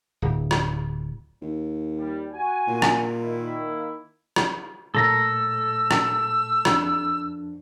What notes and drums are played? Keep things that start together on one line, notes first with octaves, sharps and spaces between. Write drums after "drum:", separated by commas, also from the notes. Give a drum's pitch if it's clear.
D1
drum: rim click
D#2
G3
F#4 G#5
A#2
drum: rim click
D#3 A#3 E4
drum: rim click
A#2 F#3 A3 A4 A#5 E6
drum: rim click
F2 F3 D4, drum: rim click